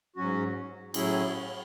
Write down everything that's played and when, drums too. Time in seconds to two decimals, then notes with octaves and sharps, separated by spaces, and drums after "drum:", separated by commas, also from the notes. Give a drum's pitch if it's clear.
0.16 G#2 F#3 C#4 F#4
0.94 A2 F#3 C#4 E4 G#4, drum: cymbal